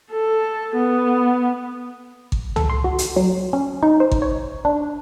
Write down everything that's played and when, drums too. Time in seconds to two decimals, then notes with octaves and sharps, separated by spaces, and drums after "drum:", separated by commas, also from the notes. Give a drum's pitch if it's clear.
0.12 A4
0.76 B3
2.32 drum: kick G#1
2.56 A4, drum: tom
2.70 C6
2.84 F#4
2.98 drum: hi-hat
3.16 F#3
3.53 C#4
3.83 D#4
4.00 C5
4.11 drum: kick G#1
4.22 C#5
4.65 D4